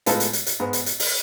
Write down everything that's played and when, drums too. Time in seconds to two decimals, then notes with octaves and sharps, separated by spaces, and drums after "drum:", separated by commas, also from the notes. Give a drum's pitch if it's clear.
0.06 A2 G#3 B3 F4 A4, drum: hi-hat
0.20 drum: hi-hat
0.33 drum: hi-hat
0.46 drum: hi-hat
0.60 G#2 G#3 B3
0.73 drum: hi-hat
0.86 drum: hi-hat
1.00 drum: open hi-hat